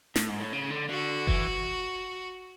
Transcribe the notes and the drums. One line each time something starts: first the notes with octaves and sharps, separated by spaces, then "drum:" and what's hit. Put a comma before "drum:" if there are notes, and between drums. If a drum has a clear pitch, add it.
A2, drum: snare
G#2
A2
C#3
D3
D3 F#4
E3, drum: kick F#1